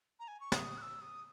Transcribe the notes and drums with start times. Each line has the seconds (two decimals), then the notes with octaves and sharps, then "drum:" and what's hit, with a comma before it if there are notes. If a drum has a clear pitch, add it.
0.20 A#5
0.28 G#5
0.40 C#6
0.52 D#6, drum: snare
0.78 F#6
0.82 E6
1.01 D#6